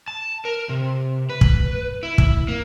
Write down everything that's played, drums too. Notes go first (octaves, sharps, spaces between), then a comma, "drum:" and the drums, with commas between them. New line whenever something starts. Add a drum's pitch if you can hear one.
A5
A#4
C3
B4
drum: kick
E4
drum: kick
A#3